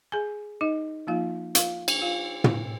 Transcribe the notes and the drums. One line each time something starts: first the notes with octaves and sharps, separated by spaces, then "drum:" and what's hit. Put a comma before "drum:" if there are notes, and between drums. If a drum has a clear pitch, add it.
G#4 G#5
D#4 D#5
F3 A#3 D#4 F4 F5
F4 F5, drum: hi-hat
drum: cymbal
F4 F5
drum: tom